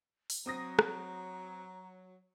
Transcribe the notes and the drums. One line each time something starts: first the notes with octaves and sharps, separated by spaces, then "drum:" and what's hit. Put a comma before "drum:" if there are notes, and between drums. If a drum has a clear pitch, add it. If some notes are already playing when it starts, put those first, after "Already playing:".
drum: open hi-hat
F#3 C4 A#5 D#6 A#6
drum: rim click